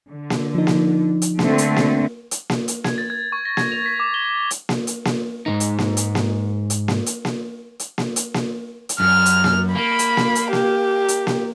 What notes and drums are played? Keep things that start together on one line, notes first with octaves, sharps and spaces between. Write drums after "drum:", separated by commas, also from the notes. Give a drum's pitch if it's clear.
D3
drum: snare A#3
F3 D#4
drum: snare A#3
drum: hi-hat
D3 A3 C4, drum: snare A#3
drum: hi-hat
drum: snare A#3
drum: hi-hat
drum: snare A#3
drum: hi-hat
G#6, drum: snare A#3
A6
G#6
C#6
A#6
G#6, drum: snare A#3
F7
B6
D6
G7
drum: hi-hat
drum: snare A#3
drum: hi-hat
drum: snare A#3
G#2 C#3 D#4
drum: hi-hat
drum: snare A#3
drum: hi-hat
drum: snare A#3
drum: hi-hat
drum: snare A#3
drum: hi-hat
drum: snare A#3
drum: hi-hat
drum: snare A#3
drum: hi-hat
drum: snare A#3
drum: hi-hat
F#2 F6
drum: hi-hat
drum: snare A#3
A#3 B5
drum: hi-hat
drum: snare A#3
drum: hi-hat
G4, drum: snare A#3
drum: hi-hat
drum: snare A#3